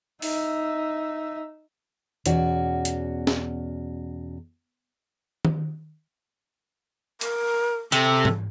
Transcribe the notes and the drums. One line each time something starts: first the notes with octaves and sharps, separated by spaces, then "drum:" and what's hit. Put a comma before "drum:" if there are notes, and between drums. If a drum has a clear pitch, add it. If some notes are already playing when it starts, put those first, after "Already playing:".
D#4 E5, drum: open hi-hat
E2 B2 C#4 F#4 D5, drum: hi-hat
drum: hi-hat
drum: snare
drum: tom D#3
A#4, drum: hi-hat
C3 A4, drum: hi-hat
drum: tom G#2